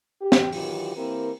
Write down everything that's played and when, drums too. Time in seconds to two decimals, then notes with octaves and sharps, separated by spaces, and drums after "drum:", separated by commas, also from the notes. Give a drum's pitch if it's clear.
0.21 G4
0.32 drum: snare
0.52 D#3 E3 F#3 F4 G4, drum: open hi-hat
0.96 E3 A#3 C4 E4 G4 A#4